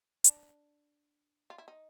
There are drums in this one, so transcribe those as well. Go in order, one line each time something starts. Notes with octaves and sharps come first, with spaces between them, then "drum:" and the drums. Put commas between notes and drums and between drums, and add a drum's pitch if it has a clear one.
D4, drum: hi-hat
F4
E4
D#4